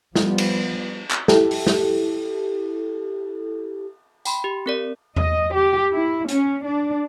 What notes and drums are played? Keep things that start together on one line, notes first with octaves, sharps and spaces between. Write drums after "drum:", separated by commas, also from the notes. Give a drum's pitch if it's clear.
F3 G3 B3, drum: snare
drum: cymbal
drum: clap
E4 G4 A4, drum: snare
drum: open hi-hat
drum: snare
G5 B5 C6, drum: tambourine
G4
C4 A#4 D5
D#5, drum: tom E2
G4
E4
C#4, drum: hi-hat
D4